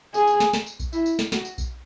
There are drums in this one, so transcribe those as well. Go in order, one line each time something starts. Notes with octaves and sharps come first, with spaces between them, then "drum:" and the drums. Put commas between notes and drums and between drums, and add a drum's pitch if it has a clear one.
G#4, drum: tambourine
drum: tambourine
drum: snare
drum: snare
drum: tambourine
drum: kick B1, tambourine
E4, drum: tambourine
drum: tambourine
drum: snare
F#4, drum: snare
drum: tambourine
drum: kick B1, tambourine